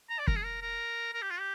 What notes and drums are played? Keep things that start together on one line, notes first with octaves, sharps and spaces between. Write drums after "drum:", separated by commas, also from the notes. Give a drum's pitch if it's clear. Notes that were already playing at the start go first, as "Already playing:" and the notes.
A#5
D5
A#4, drum: kick
G#4
A#4
A#4
A#4
G4
F4
G4